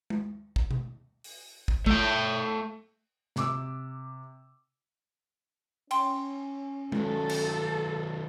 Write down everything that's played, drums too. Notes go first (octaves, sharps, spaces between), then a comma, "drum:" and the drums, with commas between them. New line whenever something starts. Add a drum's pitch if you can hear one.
drum: tom G#3
drum: kick
drum: tom B2
drum: open hi-hat
drum: kick
A3 G5, drum: kick
C3 D6 E6, drum: snare
C#4 G5 C6, drum: cymbal
D#3 F#3 A4, drum: tom G#3
drum: cymbal